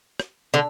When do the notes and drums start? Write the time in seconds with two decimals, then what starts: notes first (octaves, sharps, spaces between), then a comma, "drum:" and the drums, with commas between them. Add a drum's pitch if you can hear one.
0.20 drum: rim click
0.54 D3